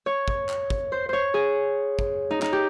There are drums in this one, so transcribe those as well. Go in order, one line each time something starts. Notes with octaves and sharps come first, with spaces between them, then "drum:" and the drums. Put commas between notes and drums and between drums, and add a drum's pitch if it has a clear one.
C#5
drum: kick
drum: clap
drum: kick
C5
C5 C#5
G#4
drum: kick
D#4
D#4, drum: clap
G4